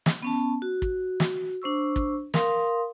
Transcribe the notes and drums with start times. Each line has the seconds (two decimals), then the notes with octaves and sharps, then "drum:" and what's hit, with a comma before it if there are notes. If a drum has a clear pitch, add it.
0.06 drum: snare
0.22 B3 C#4 A5
0.62 F#4
0.82 drum: kick
1.20 drum: snare
1.62 D4 C5 C#6 E6
1.96 drum: kick
2.34 A#4 F5 C6 D#6, drum: snare